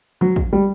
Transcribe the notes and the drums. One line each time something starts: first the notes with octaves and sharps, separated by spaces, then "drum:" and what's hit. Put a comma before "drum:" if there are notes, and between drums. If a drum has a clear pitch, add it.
F#3
drum: kick
G3